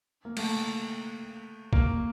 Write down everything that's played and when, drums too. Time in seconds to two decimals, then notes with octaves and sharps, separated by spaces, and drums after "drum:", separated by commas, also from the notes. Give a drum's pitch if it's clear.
0.25 A#3
0.37 A3, drum: cymbal
1.73 A#3, drum: kick B1